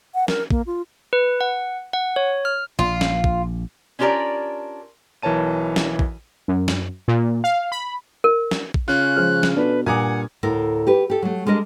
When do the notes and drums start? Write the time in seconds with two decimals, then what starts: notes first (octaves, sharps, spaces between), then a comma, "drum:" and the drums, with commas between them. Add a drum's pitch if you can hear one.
0.14 F#5
0.28 A#4, drum: snare
0.50 A#3, drum: kick
0.67 F4
1.13 B4
1.41 F#5
1.93 F#5
2.16 C#5
2.45 F6
2.79 A#1 F4
3.01 drum: snare
3.24 drum: kick
3.99 C#4 D4 F4 G4 A#4 D5
5.23 B1 E3 A#4 C#5 A5 D#7
5.76 drum: snare
5.99 drum: kick
6.48 F#2
6.68 drum: snare
7.08 A#2
7.44 F5
7.72 B5
8.24 A#4
8.51 drum: snare
8.74 drum: kick
8.88 C#3 C#4 F4 F#6
9.17 F3 G#3 F6
9.43 drum: snare
9.57 B2 D4 A4 B4
9.86 G2 A#2 F#5 G#5 A#5 D6 D#6 G#6
10.43 D2 A2 A4 A#4
10.87 G4 B4
11.10 G4 A4
11.22 F#3 A3
11.46 G3 G#3 D4 A#4 D#5